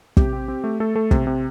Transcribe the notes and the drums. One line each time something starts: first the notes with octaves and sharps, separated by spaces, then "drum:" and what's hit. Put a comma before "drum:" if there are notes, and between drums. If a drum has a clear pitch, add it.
C3 G4, drum: kick
C4
C4
A3
A3 A4
A3 A4
C3, drum: kick
C3